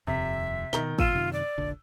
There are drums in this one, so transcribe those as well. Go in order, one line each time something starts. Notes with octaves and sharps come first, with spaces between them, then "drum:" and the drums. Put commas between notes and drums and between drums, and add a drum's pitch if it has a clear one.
D#1 F2 C3 E5
B2 D#3 A#5 G7, drum: snare
A#2 F4 E6 D#7 E7, drum: kick
F#2 C3 D#3
D5
F1 A#1 D3